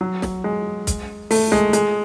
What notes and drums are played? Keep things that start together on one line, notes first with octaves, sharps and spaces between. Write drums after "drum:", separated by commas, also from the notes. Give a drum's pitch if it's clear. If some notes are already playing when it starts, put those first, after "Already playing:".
F#3
drum: snare
G#3
drum: kick, hi-hat
A3, drum: open hi-hat
G#3, drum: snare
G#3, drum: hi-hat